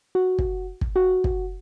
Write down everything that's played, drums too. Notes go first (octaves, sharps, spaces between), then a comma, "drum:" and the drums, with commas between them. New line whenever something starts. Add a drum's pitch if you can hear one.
F#4
drum: kick
drum: kick
F#4
drum: kick